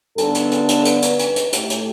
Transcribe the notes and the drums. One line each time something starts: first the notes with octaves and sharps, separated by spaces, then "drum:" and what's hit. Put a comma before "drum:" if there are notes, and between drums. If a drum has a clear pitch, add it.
G2 D3 B3 A4, drum: hi-hat
drum: hi-hat
drum: hi-hat
drum: hi-hat
B4, drum: hi-hat
drum: hi-hat
drum: hi-hat
drum: hi-hat
A2 A3 G4, drum: hi-hat
drum: hi-hat